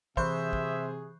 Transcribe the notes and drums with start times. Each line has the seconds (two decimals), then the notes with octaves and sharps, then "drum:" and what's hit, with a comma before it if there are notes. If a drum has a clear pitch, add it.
0.17 C3 E3 G#4 C5 E5 C#6 F#6, drum: kick
0.53 drum: kick